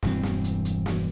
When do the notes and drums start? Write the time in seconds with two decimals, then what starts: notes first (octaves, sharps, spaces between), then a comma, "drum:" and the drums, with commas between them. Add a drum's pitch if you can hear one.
0.02 E1 G2 E3 C4, drum: snare
0.23 drum: snare
0.44 drum: hi-hat
0.65 drum: hi-hat
0.86 drum: snare